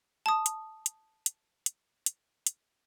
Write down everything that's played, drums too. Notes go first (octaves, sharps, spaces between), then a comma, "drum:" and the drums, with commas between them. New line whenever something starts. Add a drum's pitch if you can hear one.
A5 D#6
drum: hi-hat
drum: hi-hat
drum: hi-hat
drum: hi-hat
drum: hi-hat
drum: hi-hat